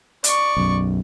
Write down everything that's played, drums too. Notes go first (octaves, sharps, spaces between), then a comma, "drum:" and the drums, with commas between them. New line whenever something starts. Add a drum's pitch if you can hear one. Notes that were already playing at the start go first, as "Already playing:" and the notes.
D5 C#6, drum: hi-hat
B1 F#2